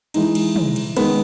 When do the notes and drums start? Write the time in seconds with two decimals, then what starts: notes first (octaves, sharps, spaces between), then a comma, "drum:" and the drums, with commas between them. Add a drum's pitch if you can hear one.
0.14 E3 G#3 D#4, drum: cymbal
0.35 drum: cymbal
0.56 drum: tom
0.76 drum: cymbal
0.96 D#3 G#3 B3, drum: cymbal